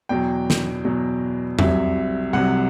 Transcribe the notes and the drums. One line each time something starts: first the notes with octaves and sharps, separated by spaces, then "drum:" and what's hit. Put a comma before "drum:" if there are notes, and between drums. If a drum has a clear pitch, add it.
E2 B2 F#3 G5
drum: snare
E2 B2 F#3
C2 C3 F#3 E5, drum: tom E2
C2 C3 F#3 F#5